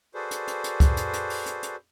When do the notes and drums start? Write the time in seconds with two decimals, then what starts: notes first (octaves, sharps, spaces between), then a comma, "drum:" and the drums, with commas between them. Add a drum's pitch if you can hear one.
0.14 F#4 G#4 A4 B4 C5 D5
0.31 drum: hi-hat
0.47 drum: hi-hat
0.64 drum: hi-hat
0.80 drum: kick, hi-hat
0.97 drum: hi-hat
1.13 drum: hi-hat
1.30 drum: open hi-hat
1.46 drum: hi-hat
1.63 drum: hi-hat